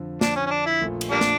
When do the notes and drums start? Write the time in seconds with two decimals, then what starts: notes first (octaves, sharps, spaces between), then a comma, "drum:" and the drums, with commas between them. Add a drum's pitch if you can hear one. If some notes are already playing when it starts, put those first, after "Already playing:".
Already playing: F2 D3 F3
0.21 D4, drum: snare
0.36 C#4
0.47 C#4
0.51 D4
0.66 E4
0.81 A#1 A#2 A3
1.01 drum: cymbal
1.11 G3 A#3 D4
1.21 drum: snare